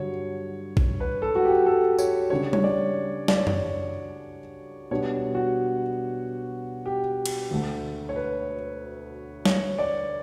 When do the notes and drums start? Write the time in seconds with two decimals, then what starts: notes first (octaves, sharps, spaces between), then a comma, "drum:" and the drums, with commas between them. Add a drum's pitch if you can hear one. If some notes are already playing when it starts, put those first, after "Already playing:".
Already playing: G2 D3 F#3 C#5
0.77 drum: kick A#1
1.00 B4
1.22 A4
1.35 F#4
1.45 G4
1.66 A4
1.99 C#5, drum: tambourine
2.30 C#3 G3 D4 C#5
2.53 C#5, drum: tom G3
2.64 D5
3.28 D5, drum: snare
3.37 C#5
3.47 D5, drum: tom F#2
4.91 B2 G3 B3 D4 C#5
5.35 F#4
6.86 G4
7.26 drum: cymbal
7.51 D2 D3 A3
8.09 C#5
8.16 B4
9.45 C#5, drum: snare
9.79 D5